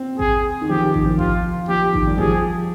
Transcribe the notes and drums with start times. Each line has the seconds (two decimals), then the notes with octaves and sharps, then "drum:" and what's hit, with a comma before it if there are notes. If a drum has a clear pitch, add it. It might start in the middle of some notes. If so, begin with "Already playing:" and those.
Already playing: C4
0.19 G#4, drum: kick A1
0.61 D#3
0.69 F3 G4
0.82 D#3
0.94 D#3, drum: kick A1
1.06 F3
1.19 F4, drum: kick A1
1.69 F3 G4
1.94 D#3, drum: kick A1
2.07 G3
2.18 F3 G#4, drum: kick A1